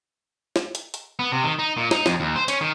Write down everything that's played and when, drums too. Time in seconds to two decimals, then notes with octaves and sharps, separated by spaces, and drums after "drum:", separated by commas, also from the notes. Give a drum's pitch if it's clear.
0.56 drum: snare
0.75 drum: hi-hat
0.94 drum: hi-hat
1.19 B3
1.32 C3
1.44 D#3
1.59 D#4
1.77 A#2
1.91 D#4, drum: snare
2.06 F2, drum: snare
2.20 D#2
2.36 C5
2.48 C#4, drum: hi-hat
2.61 D#3